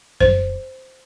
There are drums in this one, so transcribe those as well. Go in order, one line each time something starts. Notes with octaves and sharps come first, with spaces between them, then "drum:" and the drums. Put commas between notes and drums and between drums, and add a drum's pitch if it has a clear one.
C5, drum: kick F#2